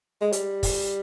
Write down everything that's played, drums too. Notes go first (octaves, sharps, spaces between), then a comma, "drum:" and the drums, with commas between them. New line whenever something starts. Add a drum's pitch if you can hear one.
G#3
G3, drum: hi-hat
drum: kick, open hi-hat